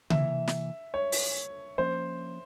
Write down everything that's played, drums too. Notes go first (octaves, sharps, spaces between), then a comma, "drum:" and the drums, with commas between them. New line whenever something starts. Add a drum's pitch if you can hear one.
C3 E3 A#3 E5, drum: tom C#3
drum: snare
C#5
drum: open hi-hat
F3 A#3 C#4 C5